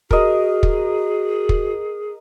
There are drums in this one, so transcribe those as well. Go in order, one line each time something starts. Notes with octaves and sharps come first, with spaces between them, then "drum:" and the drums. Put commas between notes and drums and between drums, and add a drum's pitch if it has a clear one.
F#4 G#4 A#4 D#5, drum: kick
drum: kick
drum: kick